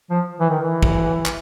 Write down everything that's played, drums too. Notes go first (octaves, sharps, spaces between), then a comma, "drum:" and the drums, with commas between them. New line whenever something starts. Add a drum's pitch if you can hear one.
F3
E3
D#3
E3
drum: kick
drum: clap